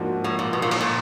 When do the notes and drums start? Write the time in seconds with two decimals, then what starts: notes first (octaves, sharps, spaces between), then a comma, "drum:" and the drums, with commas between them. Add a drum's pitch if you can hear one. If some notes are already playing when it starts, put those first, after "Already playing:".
Already playing: G#2 F3 A#3 D4 F#4
0.24 A2
0.39 A#2
0.53 B2
0.62 A#2
0.71 A2, drum: cymbal
0.81 A#2